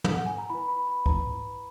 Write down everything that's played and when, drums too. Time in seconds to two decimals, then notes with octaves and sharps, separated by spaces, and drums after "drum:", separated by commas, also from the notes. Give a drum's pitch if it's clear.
0.04 drum: tom
0.14 F#5
0.26 G#5
0.38 A#5
0.50 E4 B4 B5
0.68 B5
0.87 B5
1.06 E4 B4 A#5, drum: kick